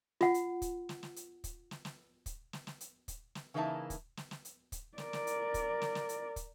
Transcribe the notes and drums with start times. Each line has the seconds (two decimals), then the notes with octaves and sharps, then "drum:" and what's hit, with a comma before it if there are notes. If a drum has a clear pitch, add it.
0.21 F4 F#5, drum: snare
0.34 drum: hi-hat
0.62 drum: kick, hi-hat
0.89 drum: snare
1.03 drum: snare
1.16 drum: hi-hat
1.44 drum: kick, hi-hat
1.71 drum: snare
1.85 drum: snare
2.26 drum: kick, hi-hat
2.53 drum: snare
2.67 drum: snare
2.81 drum: hi-hat
3.08 drum: kick, hi-hat
3.35 drum: snare
3.54 C#3 E3 A#3 D#4 E5 A5
3.90 drum: kick, hi-hat
4.17 drum: snare
4.31 drum: snare
4.45 drum: hi-hat
4.72 drum: kick, hi-hat
4.98 A#4 D5, drum: snare
5.13 drum: snare
5.27 drum: hi-hat
5.54 drum: kick, hi-hat
5.82 drum: snare
5.95 drum: snare
6.09 drum: hi-hat
6.36 drum: kick, hi-hat